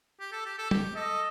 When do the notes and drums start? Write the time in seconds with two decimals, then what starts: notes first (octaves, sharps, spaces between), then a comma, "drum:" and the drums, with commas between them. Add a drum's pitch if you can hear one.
0.20 G4
0.33 A4
0.46 G4
0.59 A4
0.71 G4, drum: tom
0.95 A4 D#5